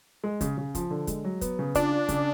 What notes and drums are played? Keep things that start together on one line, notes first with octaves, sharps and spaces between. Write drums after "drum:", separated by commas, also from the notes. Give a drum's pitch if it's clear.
G#3
C#3, drum: kick, hi-hat
C#3
F3, drum: kick, hi-hat
D3
G#3, drum: kick, hi-hat
F#3
B3, drum: kick, hi-hat
C#3
D4 F4, drum: kick, hi-hat
F4
C#3, drum: kick, hi-hat